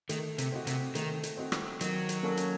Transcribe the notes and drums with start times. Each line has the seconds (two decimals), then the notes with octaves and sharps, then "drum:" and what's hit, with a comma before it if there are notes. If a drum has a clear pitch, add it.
0.09 D#3 A3, drum: hi-hat
0.38 C3, drum: hi-hat
0.52 C4 D#4 F#4
0.67 C3, drum: hi-hat
0.95 D#3 A3, drum: hi-hat
1.23 drum: hi-hat
1.37 C4 D#4 F#4
1.52 drum: rim click
1.81 D#3 F#3, drum: hi-hat
2.09 drum: hi-hat
2.23 A#3 C#4 A4 C#5
2.37 drum: hi-hat